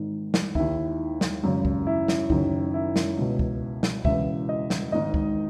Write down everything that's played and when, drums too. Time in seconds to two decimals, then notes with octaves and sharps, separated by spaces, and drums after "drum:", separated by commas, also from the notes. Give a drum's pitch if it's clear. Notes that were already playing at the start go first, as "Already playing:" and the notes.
Already playing: G#1 G#2 D#3
0.34 drum: snare
0.55 D#2 D#3 E4, drum: kick
1.21 drum: snare
1.43 G#1 F#2 C#3
1.65 drum: kick
1.87 E4
2.08 drum: snare
2.30 F#1 F#2 D#3, drum: kick
2.74 E4
2.96 drum: snare
3.17 C#2 B2
3.39 drum: kick
3.83 drum: snare
4.05 E1 E2 C#3 E3 E5, drum: kick
4.49 D#5
4.70 drum: snare
4.92 G#1 G#2 D#3 D#5
5.14 drum: kick